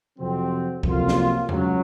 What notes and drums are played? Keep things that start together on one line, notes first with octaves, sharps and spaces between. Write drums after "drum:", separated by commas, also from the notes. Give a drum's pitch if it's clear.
F2 C3 F#3 C4
F2 C3 F#3 A#3 F4, drum: kick C2
drum: snare
C#2 C#3 F#3, drum: tom E2